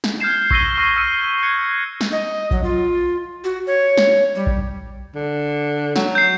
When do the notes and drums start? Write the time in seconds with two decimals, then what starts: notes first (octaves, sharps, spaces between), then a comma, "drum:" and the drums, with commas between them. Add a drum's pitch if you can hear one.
0.04 drum: snare
0.20 F6 G6 G#6 C7 E7
0.51 C#6 E6 A#6 B6 D#7 G7, drum: kick A#1
0.78 C#6 F6 A#6 C7
0.96 E6 F6 C#7 D#7
1.42 F#6 G#6 C#7
2.01 drum: snare
2.12 D#5
2.51 F#3, drum: kick A#1
2.64 F4
3.44 F#4
3.67 C#5
3.97 drum: snare
4.35 G3
4.47 drum: kick A#1
5.15 D3
5.96 F#3, drum: snare
6.15 G6 C7